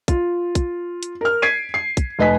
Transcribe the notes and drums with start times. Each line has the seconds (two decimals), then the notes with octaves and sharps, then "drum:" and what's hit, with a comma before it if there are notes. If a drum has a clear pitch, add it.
0.08 F4, drum: kick, hi-hat
0.55 drum: kick, hi-hat
1.03 drum: hi-hat
1.21 A#4 F6
1.42 G#6 B6 C7 D7 D#7
1.74 C7
1.97 drum: kick, hi-hat
2.19 F1 B4 D#5 G#5 B6